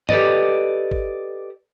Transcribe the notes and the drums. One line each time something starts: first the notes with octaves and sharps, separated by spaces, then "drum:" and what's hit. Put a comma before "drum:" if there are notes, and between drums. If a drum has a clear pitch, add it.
G4 A4 B4 D5 D#5, drum: tom
drum: kick